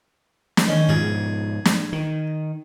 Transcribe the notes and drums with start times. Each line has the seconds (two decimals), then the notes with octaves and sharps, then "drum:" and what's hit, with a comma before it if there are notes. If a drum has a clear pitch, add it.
0.57 drum: snare
0.68 D#3 C#4
0.89 G#2 B2 F3 G#4
1.65 drum: snare
1.93 D#3